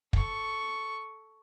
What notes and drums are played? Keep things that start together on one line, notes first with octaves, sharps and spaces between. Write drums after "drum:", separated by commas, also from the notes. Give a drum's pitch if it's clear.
A4 C#6, drum: kick